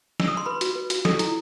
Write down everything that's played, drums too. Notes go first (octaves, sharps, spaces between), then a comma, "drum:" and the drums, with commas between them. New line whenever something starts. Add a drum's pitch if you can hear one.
E6, drum: snare
D#6
C6
B4 B5
F#4, drum: hi-hat
B4
F#4, drum: hi-hat
A4 D#6, drum: snare
E4, drum: hi-hat